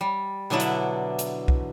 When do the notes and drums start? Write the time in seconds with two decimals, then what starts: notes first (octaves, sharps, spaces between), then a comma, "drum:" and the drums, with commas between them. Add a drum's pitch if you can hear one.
0.01 G3
0.50 B2 D3 F#3 D4 E4
0.60 drum: hi-hat
1.19 drum: hi-hat
1.48 drum: kick C2